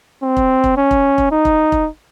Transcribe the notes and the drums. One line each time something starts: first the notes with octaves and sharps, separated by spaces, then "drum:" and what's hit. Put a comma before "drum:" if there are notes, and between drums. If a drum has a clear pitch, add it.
C4
drum: kick
drum: kick
C#4
drum: kick
drum: kick
D#4
drum: kick
drum: kick